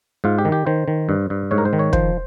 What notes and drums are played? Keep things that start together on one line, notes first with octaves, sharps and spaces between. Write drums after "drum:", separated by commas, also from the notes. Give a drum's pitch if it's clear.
G#2 F4
G4
D#3
G4
D#3 C5
D#3
G2
G2
G#2 C#5
A#4
C5
D#3
C#5
F3 C5, drum: kick